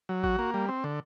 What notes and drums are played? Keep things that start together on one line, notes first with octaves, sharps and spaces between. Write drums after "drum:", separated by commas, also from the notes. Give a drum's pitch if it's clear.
F#3
F#4, drum: kick A1
A#3
G3
C4
D3